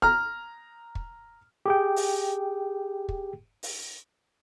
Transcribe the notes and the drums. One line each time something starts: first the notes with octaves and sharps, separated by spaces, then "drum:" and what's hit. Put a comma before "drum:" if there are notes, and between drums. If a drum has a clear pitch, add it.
A#5 F6, drum: kick
drum: kick
G4 G#4 G5
drum: open hi-hat
drum: kick
drum: open hi-hat